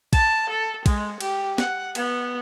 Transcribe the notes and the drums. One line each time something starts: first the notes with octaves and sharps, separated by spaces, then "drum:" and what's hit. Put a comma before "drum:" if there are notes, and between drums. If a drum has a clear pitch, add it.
A5, drum: kick, cymbal
A4
G#3, drum: kick, cymbal
G4, drum: cymbal
F#5, drum: snare
B3, drum: cymbal